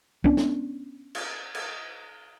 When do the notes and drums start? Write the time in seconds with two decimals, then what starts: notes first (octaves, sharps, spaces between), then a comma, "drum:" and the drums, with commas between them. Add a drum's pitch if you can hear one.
0.24 B3 C#4 D4, drum: kick
0.37 drum: snare
1.15 drum: cymbal
1.54 drum: cymbal